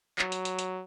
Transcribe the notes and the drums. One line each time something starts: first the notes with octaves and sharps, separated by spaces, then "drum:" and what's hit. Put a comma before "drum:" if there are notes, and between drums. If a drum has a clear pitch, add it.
F#3, drum: clap
drum: hi-hat
drum: hi-hat
drum: hi-hat